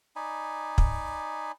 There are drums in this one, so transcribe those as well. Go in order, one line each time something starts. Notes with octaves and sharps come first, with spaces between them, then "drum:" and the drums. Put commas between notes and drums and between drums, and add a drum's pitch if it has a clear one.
D#4 D5 G#5 B5
drum: kick